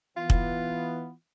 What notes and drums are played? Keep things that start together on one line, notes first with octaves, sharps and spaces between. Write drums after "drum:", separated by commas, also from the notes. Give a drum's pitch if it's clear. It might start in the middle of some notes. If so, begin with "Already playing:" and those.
E3 B3 F4
drum: kick